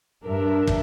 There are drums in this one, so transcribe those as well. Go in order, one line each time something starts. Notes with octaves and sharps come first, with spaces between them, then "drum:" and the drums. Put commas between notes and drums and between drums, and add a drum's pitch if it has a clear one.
G2 D4 A#4 E5
drum: kick